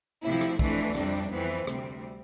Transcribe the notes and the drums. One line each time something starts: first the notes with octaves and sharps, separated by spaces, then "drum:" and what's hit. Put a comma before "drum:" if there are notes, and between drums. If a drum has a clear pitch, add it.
D2 C3 F3 E4
drum: rim click
F2 E3 A3 D4, drum: kick
F2 C3 G3, drum: rim click
F2 E3 B3 C4
D2 C3 G3, drum: rim click